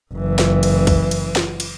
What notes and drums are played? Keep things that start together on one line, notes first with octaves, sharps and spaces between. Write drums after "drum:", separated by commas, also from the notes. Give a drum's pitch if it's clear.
F#1 E3
drum: snare
drum: cymbal
drum: kick B1, cymbal
drum: cymbal
drum: snare
drum: cymbal